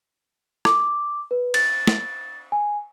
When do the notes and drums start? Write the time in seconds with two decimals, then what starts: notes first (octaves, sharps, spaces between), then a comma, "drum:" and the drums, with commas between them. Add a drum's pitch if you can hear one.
0.65 D6, drum: rim click
1.31 B4
1.54 A6, drum: cymbal
1.87 drum: snare
2.52 G#5